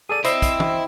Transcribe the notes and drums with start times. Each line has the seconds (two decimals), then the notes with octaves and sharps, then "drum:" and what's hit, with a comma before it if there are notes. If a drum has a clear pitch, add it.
0.09 G#4 A4 D5 D#7
0.25 C4 E4 D#5 B5 E6, drum: hi-hat
0.42 drum: kick, hi-hat
0.60 drum: tom